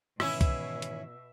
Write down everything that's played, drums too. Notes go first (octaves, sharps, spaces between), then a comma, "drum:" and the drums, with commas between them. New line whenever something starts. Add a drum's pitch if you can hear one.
G#2 B2 D#3 E3 C#4 E4 E5 E6, drum: rim click
drum: kick C2, hi-hat
drum: hi-hat